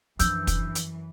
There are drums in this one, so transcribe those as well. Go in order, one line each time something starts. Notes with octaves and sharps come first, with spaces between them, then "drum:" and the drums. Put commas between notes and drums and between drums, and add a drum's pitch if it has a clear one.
F#2 E3 F3 D4 E6 G6, drum: hi-hat
drum: kick, hi-hat
drum: hi-hat